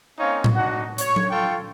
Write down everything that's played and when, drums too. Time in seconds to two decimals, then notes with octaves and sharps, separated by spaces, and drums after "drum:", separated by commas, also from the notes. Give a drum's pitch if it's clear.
0.18 A#3 C4 C#4 D#4 C#5 F5
0.44 drum: tom A2
0.54 D4 D#4 F#4 F#5
0.98 C#5, drum: hi-hat
1.16 drum: tom F#3
1.29 F4 A4 G5 C#6